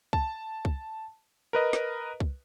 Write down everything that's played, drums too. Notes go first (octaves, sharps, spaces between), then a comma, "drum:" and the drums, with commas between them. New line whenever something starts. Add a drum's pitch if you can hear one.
A5, drum: kick C2
drum: kick C2
A#4 B4 D#5
drum: snare
drum: kick C2